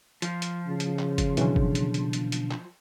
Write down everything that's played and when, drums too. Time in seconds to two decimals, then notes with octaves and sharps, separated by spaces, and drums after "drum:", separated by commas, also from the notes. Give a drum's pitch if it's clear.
0.22 F3, drum: hi-hat
0.42 drum: hi-hat
0.67 C#3
0.80 drum: hi-hat
0.99 drum: clap
1.18 drum: kick F#1, hi-hat
1.37 B2 D3 E3 F#3 C#4, drum: hi-hat
1.56 drum: kick F#1
1.75 drum: hi-hat
1.94 drum: hi-hat
2.13 drum: hi-hat
2.32 drum: hi-hat
2.51 drum: clap